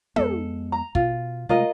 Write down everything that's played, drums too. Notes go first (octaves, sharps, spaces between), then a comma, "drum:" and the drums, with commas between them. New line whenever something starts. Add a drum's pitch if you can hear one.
F2 G#3 B3 A4, drum: tom
A#5
B2 F4, drum: kick
C3 G#3 A3 F4 A#4 D#5